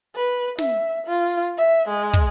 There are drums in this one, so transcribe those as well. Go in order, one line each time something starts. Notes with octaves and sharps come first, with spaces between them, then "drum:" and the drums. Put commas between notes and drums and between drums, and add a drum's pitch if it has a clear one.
B4
E5, drum: snare
F4
E5
G#3
drum: kick